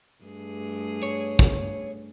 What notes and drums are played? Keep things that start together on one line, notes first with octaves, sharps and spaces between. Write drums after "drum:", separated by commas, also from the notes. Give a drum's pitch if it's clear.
G2 A3 G#4
C#5
drum: kick